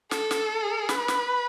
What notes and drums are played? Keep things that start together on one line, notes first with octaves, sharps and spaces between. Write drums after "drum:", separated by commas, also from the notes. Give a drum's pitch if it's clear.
A4, drum: snare
drum: snare
B4, drum: snare
drum: snare